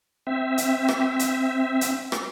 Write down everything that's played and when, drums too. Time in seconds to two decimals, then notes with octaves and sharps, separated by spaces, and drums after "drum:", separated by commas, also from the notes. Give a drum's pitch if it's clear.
0.27 C4 E5
0.58 drum: hi-hat
0.88 drum: rim click
1.19 drum: hi-hat
1.81 drum: hi-hat
2.12 drum: rim click